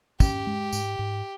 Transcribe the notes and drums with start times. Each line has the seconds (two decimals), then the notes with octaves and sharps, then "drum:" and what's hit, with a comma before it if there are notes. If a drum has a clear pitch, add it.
0.20 C#4 G4, drum: kick, tambourine
0.47 G#3
0.73 G#2, drum: tambourine
0.99 G#2